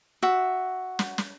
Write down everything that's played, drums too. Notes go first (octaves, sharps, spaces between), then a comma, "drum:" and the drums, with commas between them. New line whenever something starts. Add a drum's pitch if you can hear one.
F#4 E5
drum: snare
drum: snare